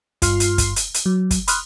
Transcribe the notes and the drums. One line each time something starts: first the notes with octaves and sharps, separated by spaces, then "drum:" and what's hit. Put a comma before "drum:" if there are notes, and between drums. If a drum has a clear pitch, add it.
G2 F4 C6 F6 C7, drum: kick, hi-hat
drum: hi-hat
drum: kick, hi-hat
drum: hi-hat
drum: hi-hat
F#3
drum: kick, hi-hat
B5 C6 D#6 F6 F#6, drum: hi-hat